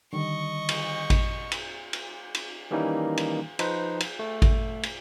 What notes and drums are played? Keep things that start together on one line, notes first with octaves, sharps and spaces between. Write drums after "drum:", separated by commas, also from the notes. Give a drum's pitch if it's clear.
D3 D#3 G3 D#5 C#6
drum: cymbal
drum: kick G#1, cymbal
drum: cymbal
drum: cymbal
drum: cymbal
D#3 E3 G3 A#3 C#4 D#4
drum: cymbal
F3 D#4 B4 C5, drum: cymbal
drum: cymbal
A3
drum: kick G#1, cymbal
drum: cymbal